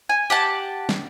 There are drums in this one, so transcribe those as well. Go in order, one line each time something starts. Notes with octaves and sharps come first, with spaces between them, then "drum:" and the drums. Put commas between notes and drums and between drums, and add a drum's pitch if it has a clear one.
G#5
G4 F#5 A5
drum: snare